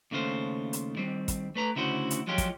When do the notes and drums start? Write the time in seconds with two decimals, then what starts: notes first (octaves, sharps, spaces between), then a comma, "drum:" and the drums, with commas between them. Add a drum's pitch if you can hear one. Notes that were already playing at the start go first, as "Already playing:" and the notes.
0.11 D#2 C#3 A3 F4 C5
0.73 drum: hi-hat
0.96 D#3 G3 C4
1.28 drum: kick, hi-hat
1.55 A3 B4 A#5
1.76 D2 C#3 E4 F#4 C5
2.10 drum: hi-hat
2.27 F3 F#3 G#3 F4 G4
2.38 drum: kick, hi-hat